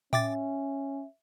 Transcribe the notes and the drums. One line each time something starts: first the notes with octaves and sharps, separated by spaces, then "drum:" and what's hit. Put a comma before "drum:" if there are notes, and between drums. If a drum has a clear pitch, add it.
C#4 E5 G5 D6 A6, drum: tom A2